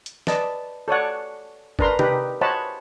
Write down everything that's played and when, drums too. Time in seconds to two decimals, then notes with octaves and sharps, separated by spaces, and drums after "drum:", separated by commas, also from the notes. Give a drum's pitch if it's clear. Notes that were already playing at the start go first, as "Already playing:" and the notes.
0.06 drum: hi-hat
0.27 B4 D5 D#5 A5, drum: snare
0.88 A4 C#5 D5 F#5
1.79 D4 A#4 B4 A#5 C6, drum: kick G1
1.99 D#4 G4 B4, drum: tom C3
2.41 C5 C#5 D#5 F#5 A5 B5